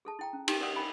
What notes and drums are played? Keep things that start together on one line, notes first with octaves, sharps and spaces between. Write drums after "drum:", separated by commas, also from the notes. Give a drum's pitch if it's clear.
G#4 A4 A5
E4 G5 A#5
C#4
D#4 G4 G5 C#6, drum: cymbal
A#4 C5 D5 F#5 D#6 E6
G#5 B5